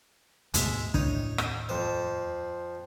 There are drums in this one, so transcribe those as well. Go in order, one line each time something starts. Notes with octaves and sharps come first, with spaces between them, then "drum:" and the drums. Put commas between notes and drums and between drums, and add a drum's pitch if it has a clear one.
D2 G#2 B2 G#3 E5, drum: hi-hat
D#2 A2 D4 D#4 C#5, drum: kick
drum: rim click
F2 C5